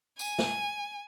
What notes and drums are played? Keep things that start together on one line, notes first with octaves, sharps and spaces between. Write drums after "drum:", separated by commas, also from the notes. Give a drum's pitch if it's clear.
G#5, drum: tambourine
drum: snare